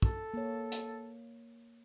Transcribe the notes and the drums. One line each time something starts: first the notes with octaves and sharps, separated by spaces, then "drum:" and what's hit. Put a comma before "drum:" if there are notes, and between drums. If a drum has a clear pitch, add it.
A4, drum: kick
A#3 C#5
drum: hi-hat